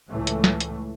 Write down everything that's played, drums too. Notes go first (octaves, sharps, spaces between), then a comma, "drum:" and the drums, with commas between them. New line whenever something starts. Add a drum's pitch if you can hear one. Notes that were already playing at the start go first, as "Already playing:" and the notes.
C#2 A2 E3 A3
drum: hi-hat
drum: snare
drum: hi-hat